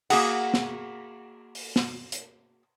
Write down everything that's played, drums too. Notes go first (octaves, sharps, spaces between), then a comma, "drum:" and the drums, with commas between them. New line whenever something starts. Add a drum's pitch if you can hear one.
A#3 F#4 G#4 F#5, drum: cymbal
drum: snare
drum: open hi-hat
drum: snare
drum: hi-hat